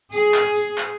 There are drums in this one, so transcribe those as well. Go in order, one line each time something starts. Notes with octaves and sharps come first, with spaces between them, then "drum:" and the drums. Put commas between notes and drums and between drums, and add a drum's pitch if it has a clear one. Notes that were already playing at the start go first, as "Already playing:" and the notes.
G#4, drum: tambourine
drum: clap
drum: tambourine
drum: clap